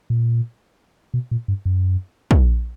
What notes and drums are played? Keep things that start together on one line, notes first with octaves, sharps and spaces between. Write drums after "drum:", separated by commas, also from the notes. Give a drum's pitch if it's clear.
A#2
B2
A#2
G2
F#2
drum: kick